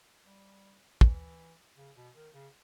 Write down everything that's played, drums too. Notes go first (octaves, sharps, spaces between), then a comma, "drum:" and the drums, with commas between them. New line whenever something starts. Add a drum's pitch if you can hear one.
G3
E3, drum: kick
C#3
B2
D#3
C#3